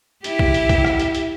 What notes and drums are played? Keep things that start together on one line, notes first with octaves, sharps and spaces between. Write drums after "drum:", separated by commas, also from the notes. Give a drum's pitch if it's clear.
E4 G4, drum: hi-hat
drum: kick
drum: hi-hat
drum: kick, hi-hat
drum: rim click
drum: hi-hat
drum: hi-hat